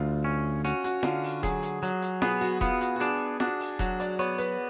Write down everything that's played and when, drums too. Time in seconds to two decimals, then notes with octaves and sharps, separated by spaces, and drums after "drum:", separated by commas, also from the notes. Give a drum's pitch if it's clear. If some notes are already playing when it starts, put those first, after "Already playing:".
Already playing: D2 F4
0.24 C#4
0.64 C#4 F#4, drum: hi-hat
0.84 F#4, drum: hi-hat
1.03 D3 F4, drum: snare
1.23 drum: open hi-hat
1.43 F#3 G#4, drum: kick E1, hi-hat
1.63 drum: hi-hat
1.83 F#3, drum: hi-hat
2.02 drum: hi-hat
2.22 B3 G#4, drum: snare
2.41 F#4, drum: open hi-hat
2.61 B3 F4, drum: kick E1, hi-hat
2.81 F#4, drum: hi-hat
2.96 F#4
3.00 D4 G#4, drum: hi-hat
3.40 D4 F#4, drum: snare
3.60 drum: open hi-hat
3.79 F#3 F#4, drum: kick E1, hi-hat
4.00 D5, drum: hi-hat
4.19 B3 C#5, drum: hi-hat
4.38 B4, drum: hi-hat